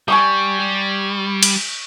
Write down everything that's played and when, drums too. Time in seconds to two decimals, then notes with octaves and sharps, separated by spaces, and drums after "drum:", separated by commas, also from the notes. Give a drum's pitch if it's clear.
0.08 G3 G#5 C#6 D#6
0.60 G3
1.43 drum: cymbal